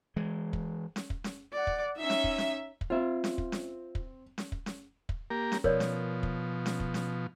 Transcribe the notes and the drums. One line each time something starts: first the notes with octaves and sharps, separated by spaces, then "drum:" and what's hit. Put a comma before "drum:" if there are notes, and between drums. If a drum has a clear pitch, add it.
E3 G#3
drum: kick
drum: snare C#4
drum: kick
drum: snare C#4
D5 F#5
drum: kick
C#4 D#4 E5
drum: snare C#4
drum: kick
drum: snare C#4
drum: kick
C4 F4 E5
drum: snare C#4
drum: kick
drum: snare C#4
drum: kick
drum: snare C#4
drum: kick
drum: snare C#4
drum: kick
A#3 G4 A#4
drum: snare C#4
B2 F3 A#4 C#5 D5, drum: kick
drum: snare C#4
drum: kick
drum: snare C#4
drum: kick
drum: snare C#4